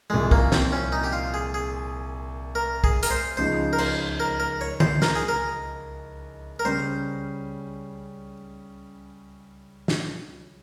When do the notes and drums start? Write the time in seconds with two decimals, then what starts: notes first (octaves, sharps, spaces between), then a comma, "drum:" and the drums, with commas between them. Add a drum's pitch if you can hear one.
0.10 C2 A#2 F3 G#3
0.31 A#3, drum: kick
0.52 C4, drum: snare
0.72 C#4
0.92 D#4
1.04 G4
1.13 F4
1.34 G#4
1.54 G#4
2.55 A#4
2.84 G#4, drum: kick
3.03 A#4, drum: hi-hat
3.11 C5
3.37 C#2 C#3 F3 G#3 D#4 C5
3.73 A#4
3.79 C5, drum: cymbal
4.20 A#4
4.40 A#4
4.61 C#5
4.80 C5, drum: tom D3
5.02 A#4, drum: snare
5.15 G#4
5.28 A#4
6.59 A#4
6.65 C#3 G3 C#4 C5
9.88 drum: snare